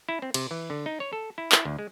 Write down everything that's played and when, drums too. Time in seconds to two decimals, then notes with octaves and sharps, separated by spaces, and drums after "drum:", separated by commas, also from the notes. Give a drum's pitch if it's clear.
0.09 E4
0.22 C4
0.34 C3, drum: cymbal
0.51 E3
0.70 D3
0.86 D#4
1.00 C#5
1.13 A4
1.38 E4
1.52 E4, drum: clap
1.65 D2
1.79 G#3